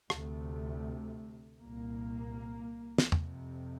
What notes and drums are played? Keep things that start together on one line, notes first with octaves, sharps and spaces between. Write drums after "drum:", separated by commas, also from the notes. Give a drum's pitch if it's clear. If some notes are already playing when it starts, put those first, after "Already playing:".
D2 C3 A3, drum: rim click
C2 A#2 A#3
drum: snare
F2 C3, drum: tom E2